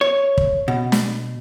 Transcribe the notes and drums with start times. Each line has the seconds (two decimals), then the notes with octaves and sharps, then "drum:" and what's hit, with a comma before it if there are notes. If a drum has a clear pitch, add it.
0.01 C#5
0.38 drum: kick
0.68 B2
0.92 drum: snare